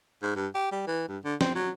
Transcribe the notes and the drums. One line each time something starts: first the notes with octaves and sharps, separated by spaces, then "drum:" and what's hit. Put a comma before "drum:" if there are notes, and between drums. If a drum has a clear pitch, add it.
G#2
G2
G4
G3
E3
G2
D3
C4, drum: snare
F#3